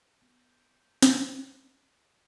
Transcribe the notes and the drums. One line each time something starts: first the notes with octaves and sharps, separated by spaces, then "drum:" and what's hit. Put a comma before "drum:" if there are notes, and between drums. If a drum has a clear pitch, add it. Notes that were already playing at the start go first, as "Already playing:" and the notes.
B3 G5
drum: snare